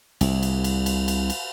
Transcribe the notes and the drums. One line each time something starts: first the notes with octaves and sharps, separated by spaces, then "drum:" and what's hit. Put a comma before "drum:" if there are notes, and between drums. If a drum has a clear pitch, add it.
C2, drum: cymbal
drum: cymbal
drum: cymbal
drum: cymbal
drum: cymbal
drum: cymbal